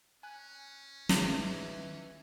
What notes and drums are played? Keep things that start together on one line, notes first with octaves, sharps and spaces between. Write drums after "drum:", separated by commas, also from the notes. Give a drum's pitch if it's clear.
C#4 G#5 F#6
E2 G#2 D#3 E3 F4, drum: snare